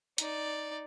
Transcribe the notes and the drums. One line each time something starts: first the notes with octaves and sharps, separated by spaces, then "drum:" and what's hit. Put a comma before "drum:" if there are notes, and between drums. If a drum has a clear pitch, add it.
D#4 D5, drum: hi-hat